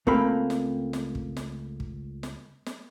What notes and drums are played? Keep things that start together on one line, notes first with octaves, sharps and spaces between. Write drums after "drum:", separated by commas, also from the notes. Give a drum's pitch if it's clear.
C#2 A3 A#3 C4 B5, drum: kick
drum: snare
drum: snare
drum: kick
drum: snare
drum: kick
drum: snare
drum: snare